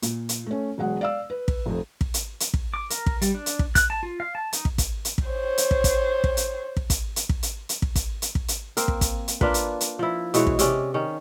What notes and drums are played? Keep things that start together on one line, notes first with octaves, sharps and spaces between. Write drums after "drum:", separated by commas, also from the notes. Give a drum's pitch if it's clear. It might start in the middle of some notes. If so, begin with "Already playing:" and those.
A#2, drum: hi-hat
drum: hi-hat
A3 C#4
E1 F#3 G#3 F#5
D5 F5 E6
B4
drum: kick
F1 F2
drum: kick
drum: hi-hat
drum: hi-hat
drum: kick
D6
A#4, drum: hi-hat
drum: kick
G3, drum: hi-hat
D4
drum: hi-hat
drum: kick
F#6, drum: kick, hi-hat
A5
F4
F5
A5
D#4, drum: hi-hat
drum: kick
drum: kick, hi-hat
drum: hi-hat
drum: kick
C5 C#5
drum: hi-hat
drum: kick
drum: kick, hi-hat
drum: kick
drum: hi-hat
drum: kick
drum: kick, hi-hat
drum: hi-hat
drum: kick
drum: hi-hat
drum: hi-hat
drum: kick
drum: kick, hi-hat
drum: hi-hat
drum: kick
drum: hi-hat
A#3 C4 A#4, drum: hi-hat
drum: kick
drum: kick, hi-hat
drum: hi-hat
A#3 D4 F4 B4, drum: kick
drum: hi-hat
drum: hi-hat
F3 E4
B2 E3 G#3 C#5, drum: hi-hat
drum: kick
C3 C#4 D5 D#5, drum: hi-hat
D#3 C#4